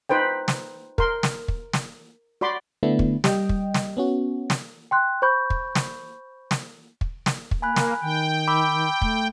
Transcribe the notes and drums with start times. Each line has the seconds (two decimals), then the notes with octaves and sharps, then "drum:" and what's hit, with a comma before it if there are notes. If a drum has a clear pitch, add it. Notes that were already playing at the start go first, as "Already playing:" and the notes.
0.09 D#4 B4 C5 G5
0.48 drum: snare
0.98 A#4 C6, drum: kick
1.23 drum: snare
1.48 drum: kick
1.73 drum: snare
2.41 F#4 D5 B5 C6 D6
2.83 D3 A3 B3 D4 E4
2.99 drum: kick
3.24 G3 D#5 G5, drum: snare
3.49 drum: kick
3.74 drum: snare
3.97 B3 C#4 F#4
4.50 drum: snare
4.91 G5 C6 F#6
5.22 C5 B5 C#6 G6
5.50 drum: kick
5.75 drum: snare
6.51 drum: snare
7.01 drum: kick
7.26 drum: snare
7.51 drum: kick
7.62 A#3 G#5 B5 F#6
7.76 drum: snare
8.02 D#3 G5
8.48 B5 D6 E6
9.02 A3, drum: kick